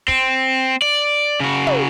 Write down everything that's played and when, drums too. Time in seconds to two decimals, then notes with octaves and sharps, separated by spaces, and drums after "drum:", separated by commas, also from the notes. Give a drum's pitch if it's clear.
0.08 C4, drum: kick
0.82 D5
1.40 C#3 F#4
1.67 drum: tom